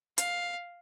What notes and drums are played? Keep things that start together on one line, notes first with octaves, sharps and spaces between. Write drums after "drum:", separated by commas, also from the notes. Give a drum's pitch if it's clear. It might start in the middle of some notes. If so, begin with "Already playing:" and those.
F5, drum: hi-hat